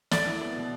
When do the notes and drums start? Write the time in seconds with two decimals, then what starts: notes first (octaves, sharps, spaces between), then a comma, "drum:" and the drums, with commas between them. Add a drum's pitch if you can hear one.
0.11 A4 D5, drum: snare
0.27 E4
0.41 B3
0.56 B2